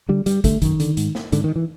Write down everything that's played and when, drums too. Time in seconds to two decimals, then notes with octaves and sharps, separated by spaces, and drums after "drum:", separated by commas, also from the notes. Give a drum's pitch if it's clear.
0.09 D3 G3
0.26 G2 G3, drum: hi-hat
0.44 D3 A3, drum: kick, hi-hat
0.62 F#2 D#3, drum: kick, hi-hat
0.80 D3, drum: hi-hat
0.97 G#2, drum: hi-hat
1.15 drum: snare
1.32 G#2 D3, drum: hi-hat
1.44 D#3
1.56 E3